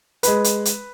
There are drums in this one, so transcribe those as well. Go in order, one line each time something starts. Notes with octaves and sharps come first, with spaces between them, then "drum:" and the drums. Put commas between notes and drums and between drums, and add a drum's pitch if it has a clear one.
G#3 B4, drum: hi-hat
drum: hi-hat
drum: hi-hat